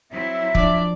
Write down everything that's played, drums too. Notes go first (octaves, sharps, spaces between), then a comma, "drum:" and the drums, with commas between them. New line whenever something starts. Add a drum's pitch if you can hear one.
F#3 C4 E4 E5
F3 D4 D5, drum: kick